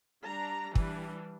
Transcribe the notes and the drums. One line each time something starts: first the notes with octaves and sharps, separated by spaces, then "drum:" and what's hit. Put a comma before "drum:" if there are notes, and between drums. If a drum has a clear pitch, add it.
G3 D4 A#5
E3 G3 D4, drum: kick